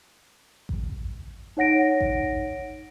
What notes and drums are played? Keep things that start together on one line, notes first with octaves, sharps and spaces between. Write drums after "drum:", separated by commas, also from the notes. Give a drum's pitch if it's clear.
drum: kick A1
D#4 C#5 F#5 A#6 D7
drum: kick A1